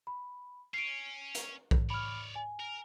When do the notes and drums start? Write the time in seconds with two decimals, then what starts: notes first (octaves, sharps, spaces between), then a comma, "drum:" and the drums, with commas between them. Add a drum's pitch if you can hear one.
0.07 B5
0.74 C#4 C7 D7
1.35 drum: hi-hat
1.71 drum: kick B1
1.90 C#5 D5 B5 F6
2.35 G#5
2.60 A#4